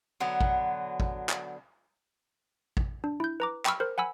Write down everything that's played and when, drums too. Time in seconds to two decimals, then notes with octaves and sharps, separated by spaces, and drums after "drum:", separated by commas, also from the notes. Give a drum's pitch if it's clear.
0.20 D3 F#3 B3
0.41 drum: kick A1
1.00 drum: kick A1
1.29 drum: clap
2.77 drum: kick A1
3.04 D4
3.20 E4 G6
3.40 B4 A#5 D6
3.65 G5 B5 C#6 E6 F6, drum: clap
3.80 A#4 C5
3.98 F#5 G#5 B5 E6